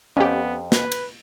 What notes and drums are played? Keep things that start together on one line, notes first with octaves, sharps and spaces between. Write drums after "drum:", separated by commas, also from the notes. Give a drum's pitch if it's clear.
F2 B3 C#4 G4
B4, drum: snare
drum: cymbal